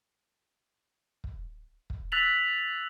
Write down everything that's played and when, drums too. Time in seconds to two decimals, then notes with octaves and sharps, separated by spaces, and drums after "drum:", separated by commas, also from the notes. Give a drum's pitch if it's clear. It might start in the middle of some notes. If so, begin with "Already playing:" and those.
1.24 drum: kick
1.90 drum: kick
2.12 E6 F#6 A6 B6 F7 F#7